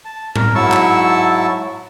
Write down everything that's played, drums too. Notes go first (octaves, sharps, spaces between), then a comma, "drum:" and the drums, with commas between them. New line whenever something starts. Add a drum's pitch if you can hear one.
A5
A#4, drum: tom A2
G#2 F#3 E4 A5 C#6 E6
drum: clap